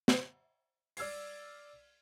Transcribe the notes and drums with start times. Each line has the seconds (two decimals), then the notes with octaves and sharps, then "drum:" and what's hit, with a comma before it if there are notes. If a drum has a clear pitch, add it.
0.08 drum: snare
0.97 D5 E6 F6 G#6 C7, drum: open hi-hat